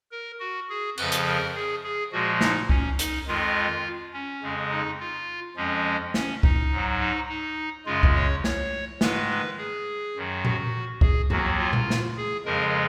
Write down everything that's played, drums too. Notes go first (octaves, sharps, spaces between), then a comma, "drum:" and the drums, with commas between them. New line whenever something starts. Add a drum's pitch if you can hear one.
A#4
F#4
G#4
F2 C#3 F3 B4, drum: cymbal
drum: hi-hat
A#4
G#4
G#4
A#2 F3 G#3 F#4
D#4, drum: snare
C#4, drum: kick C2
D#4, drum: hi-hat
F2 D#3 G#3 F4
C#4
F2 C#3 G#3
D#4
F4
F2 F3 G#3 C#4
C#4, drum: snare
D#4, drum: kick C2
G#2 F#3
D#4
D#4
F#2 C#3 G#3 F4
drum: kick C2
C#5
C#5, drum: snare
G#2 D#3 G#3 B4, drum: snare
B4
G#4
F#2 D#3 F#3
F#4, drum: tom A#2
G#4, drum: kick C2
D#2 D#3 F#3 F#4, drum: tom G2
F4
drum: tom A#2
drum: snare
G#4
F2 C#3 F3 G#3 A#4